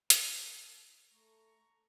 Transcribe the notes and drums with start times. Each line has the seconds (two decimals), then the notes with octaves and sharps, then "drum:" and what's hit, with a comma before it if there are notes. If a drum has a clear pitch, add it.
0.10 G#3 F4 A4 A#4, drum: hi-hat
1.11 A3 A#5 C#6